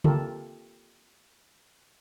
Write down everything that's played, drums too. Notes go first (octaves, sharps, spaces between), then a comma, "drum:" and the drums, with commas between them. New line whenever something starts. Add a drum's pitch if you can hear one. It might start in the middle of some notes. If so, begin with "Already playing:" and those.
A#3 F4 G4 A4 A#4, drum: tom C#3